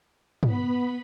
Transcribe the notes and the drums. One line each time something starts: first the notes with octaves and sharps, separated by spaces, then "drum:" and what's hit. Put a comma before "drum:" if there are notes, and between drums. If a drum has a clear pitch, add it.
B3 B5, drum: tom